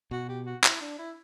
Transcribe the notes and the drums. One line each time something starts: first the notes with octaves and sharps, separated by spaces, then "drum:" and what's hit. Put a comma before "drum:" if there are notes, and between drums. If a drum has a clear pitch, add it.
B2 F#4
G4
F#4
E4, drum: clap
D4
E4